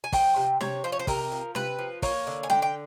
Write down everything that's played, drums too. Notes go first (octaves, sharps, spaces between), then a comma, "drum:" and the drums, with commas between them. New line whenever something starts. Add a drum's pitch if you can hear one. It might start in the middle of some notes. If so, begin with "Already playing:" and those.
G#5
F3 G5, drum: kick, open hi-hat
C3
C3 C#5, drum: snare
F3 C5
C#5
C5
C3 A#4, drum: kick, open hi-hat
F3
C3 B4, drum: snare
F3
A#3 C#5, drum: kick, open hi-hat
D3
G#5
D3 G5, drum: snare
G5